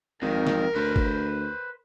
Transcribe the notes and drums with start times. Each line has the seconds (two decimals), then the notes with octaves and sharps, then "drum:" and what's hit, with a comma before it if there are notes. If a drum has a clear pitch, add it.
0.22 G#1 F2 D#3 A#4
0.47 drum: snare
0.75 D2 B4 C5
0.96 drum: kick G1